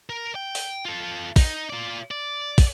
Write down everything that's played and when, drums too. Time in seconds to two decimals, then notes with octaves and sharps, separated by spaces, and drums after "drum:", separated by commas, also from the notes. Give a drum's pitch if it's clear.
0.09 A#4
0.35 G5
0.55 drum: open hi-hat
0.85 F4 A4
1.36 D#4, drum: kick, open hi-hat
1.70 F4 D5
2.11 D5
2.58 drum: kick, open hi-hat